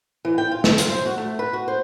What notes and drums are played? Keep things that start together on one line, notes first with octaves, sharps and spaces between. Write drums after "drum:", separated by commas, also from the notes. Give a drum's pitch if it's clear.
E3
G5
F4
A4, drum: snare
F4, drum: hi-hat
C5
F#4
A3
B4
F#4
C5